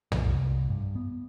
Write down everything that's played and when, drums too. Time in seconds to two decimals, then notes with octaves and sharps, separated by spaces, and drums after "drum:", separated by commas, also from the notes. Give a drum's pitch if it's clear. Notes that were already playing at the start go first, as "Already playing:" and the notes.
0.12 A#2, drum: tom
0.27 C2
0.70 G2
0.95 B3